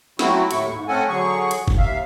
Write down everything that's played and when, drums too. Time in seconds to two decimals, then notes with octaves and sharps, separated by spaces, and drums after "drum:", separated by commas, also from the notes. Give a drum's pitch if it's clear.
0.19 F#3 A3 C4 E4 F#4, drum: snare
0.51 D#2 A2 A3 E4 C#6, drum: hi-hat
0.73 G#2
0.88 A3 C4 C#4 A4 F#5 G#5
1.09 D3 F#3 G#4 C#6
1.51 drum: hi-hat
1.68 drum: kick G1
1.78 D#2 E5 F5